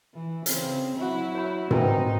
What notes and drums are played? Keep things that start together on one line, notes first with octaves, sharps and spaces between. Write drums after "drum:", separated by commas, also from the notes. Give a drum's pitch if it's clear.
E3
C#3 C4, drum: hi-hat
F#3 E4 F#4 E5
C#5 B5
C4 D#4 A#4 B4 G#5 A#5, drum: tom